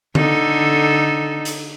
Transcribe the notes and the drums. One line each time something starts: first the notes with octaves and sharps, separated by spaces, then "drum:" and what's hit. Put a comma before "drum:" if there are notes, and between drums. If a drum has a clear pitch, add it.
D3 D#4 A4, drum: tom D3
drum: hi-hat